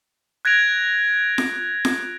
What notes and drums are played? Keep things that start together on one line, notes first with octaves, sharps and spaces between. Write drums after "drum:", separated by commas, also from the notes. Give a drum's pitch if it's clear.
F#6 G#6 A#6 D7 F7
drum: snare F4
drum: snare F4